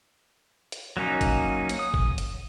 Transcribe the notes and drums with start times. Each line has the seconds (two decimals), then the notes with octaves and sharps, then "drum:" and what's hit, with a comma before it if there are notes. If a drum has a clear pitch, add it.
0.72 drum: hi-hat
0.97 F#3 A#3 C#4 D#4
1.21 drum: kick, hi-hat
1.69 drum: hi-hat
1.79 D#6
1.94 drum: kick
2.18 drum: hi-hat